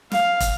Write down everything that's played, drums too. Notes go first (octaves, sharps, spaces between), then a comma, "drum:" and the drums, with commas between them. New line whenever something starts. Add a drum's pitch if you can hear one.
F5, drum: snare
drum: kick, hi-hat